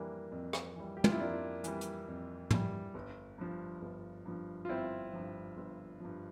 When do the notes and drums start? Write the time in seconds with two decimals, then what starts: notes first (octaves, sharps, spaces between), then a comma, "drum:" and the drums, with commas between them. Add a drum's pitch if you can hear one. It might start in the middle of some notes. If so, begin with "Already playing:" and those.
Already playing: F2 E3 G3 A#3 D4
0.32 F2
0.53 drum: rim click
0.76 E3 G3
0.97 G4
1.04 F4, drum: tom
1.12 E4
1.19 F2 A#3 D4
1.64 E3 G3, drum: hi-hat
1.81 drum: hi-hat
2.08 F2
2.50 E3 G3, drum: tom
2.94 G1
3.38 G2 F3
3.82 G1
4.26 G2 F3
4.65 F4
4.69 G1 C4 E4
5.13 G2 F3
5.57 G1
6.00 G2 F3